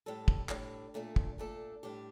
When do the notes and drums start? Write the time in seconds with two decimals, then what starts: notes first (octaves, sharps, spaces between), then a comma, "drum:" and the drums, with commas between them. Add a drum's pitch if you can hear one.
0.06 A2 G3 D4 A4
0.28 drum: kick
0.49 A2 G3 D4 A4, drum: clap
0.94 A#2 A3 D4 A4
1.16 drum: kick
1.38 A#2 A3 D4 A4
1.83 A2 G3 D4 G4